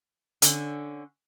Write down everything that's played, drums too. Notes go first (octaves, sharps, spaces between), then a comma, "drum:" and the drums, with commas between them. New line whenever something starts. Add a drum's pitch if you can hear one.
D3 C#4, drum: hi-hat